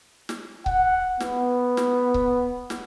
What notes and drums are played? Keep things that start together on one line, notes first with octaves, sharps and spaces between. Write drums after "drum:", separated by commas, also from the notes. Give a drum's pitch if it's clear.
drum: snare
F#5, drum: kick C#1
B3, drum: snare
drum: snare
drum: kick C#1
drum: snare